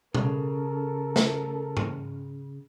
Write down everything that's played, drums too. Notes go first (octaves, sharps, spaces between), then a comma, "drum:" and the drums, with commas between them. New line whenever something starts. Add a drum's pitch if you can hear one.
C#3 A4 A#4, drum: tom B2
drum: snare
drum: tom G#2